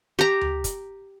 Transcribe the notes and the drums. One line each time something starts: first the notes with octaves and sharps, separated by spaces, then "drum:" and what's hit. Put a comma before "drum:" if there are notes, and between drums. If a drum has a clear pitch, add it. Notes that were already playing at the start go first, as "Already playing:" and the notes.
G4 A#5
drum: tom D2
drum: kick, hi-hat